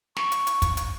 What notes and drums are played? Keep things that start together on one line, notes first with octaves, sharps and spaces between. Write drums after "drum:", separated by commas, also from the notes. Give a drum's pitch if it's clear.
C#6, drum: snare
drum: hi-hat
drum: hi-hat
drum: kick, hi-hat
drum: hi-hat